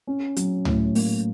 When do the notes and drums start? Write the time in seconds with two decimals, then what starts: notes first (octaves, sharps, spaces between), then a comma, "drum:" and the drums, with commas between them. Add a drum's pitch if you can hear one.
0.07 C#4
0.36 F#3, drum: hi-hat
0.65 A2, drum: tom C#2
0.95 A#3, drum: open hi-hat